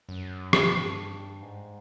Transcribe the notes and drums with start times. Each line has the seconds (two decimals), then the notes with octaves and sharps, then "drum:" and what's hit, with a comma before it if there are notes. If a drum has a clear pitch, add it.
0.09 F#2
0.53 G2, drum: rim click
1.42 G#2